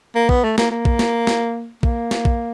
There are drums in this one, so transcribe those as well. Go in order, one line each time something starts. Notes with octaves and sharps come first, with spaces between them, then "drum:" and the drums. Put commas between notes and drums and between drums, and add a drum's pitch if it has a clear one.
A#3
B3, drum: kick
A3
A#3, drum: snare
A#3
drum: kick
drum: snare
drum: snare
A#3, drum: kick
drum: snare
drum: kick